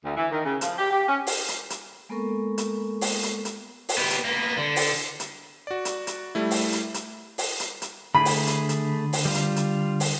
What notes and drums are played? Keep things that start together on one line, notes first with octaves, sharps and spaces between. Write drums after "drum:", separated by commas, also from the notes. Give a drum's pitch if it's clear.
D2
E3
D#3
C#3
F3, drum: hi-hat
G4
G4
C#4
drum: open hi-hat
drum: hi-hat
drum: hi-hat
G#3 A#3 B3 A4 A#4 C#6
drum: hi-hat
drum: open hi-hat
drum: hi-hat
drum: hi-hat
drum: open hi-hat
B3 G4
drum: hi-hat
A#3 B3
D3
drum: open hi-hat
drum: hi-hat
F#4 D5
drum: hi-hat
drum: hi-hat
G3 A3 E4
drum: open hi-hat
drum: hi-hat
drum: hi-hat
drum: open hi-hat
drum: hi-hat
drum: hi-hat
D3 A3 G#4 B5
drum: open hi-hat
drum: hi-hat
drum: hi-hat
drum: open hi-hat
G3 F4
drum: hi-hat
drum: hi-hat
drum: open hi-hat